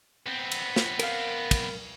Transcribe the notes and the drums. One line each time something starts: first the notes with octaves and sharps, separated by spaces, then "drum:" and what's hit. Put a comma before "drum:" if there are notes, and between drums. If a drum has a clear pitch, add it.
B3 C4
drum: cymbal
drum: snare
A#4 F5, drum: cymbal
drum: kick, cymbal